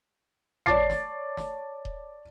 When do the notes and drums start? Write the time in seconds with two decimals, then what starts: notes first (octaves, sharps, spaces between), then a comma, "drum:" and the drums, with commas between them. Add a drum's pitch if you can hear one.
0.66 C#5 D5 A5 D6 A6 C7, drum: tom G#1
0.90 drum: snare
1.37 drum: snare
1.85 drum: kick D#1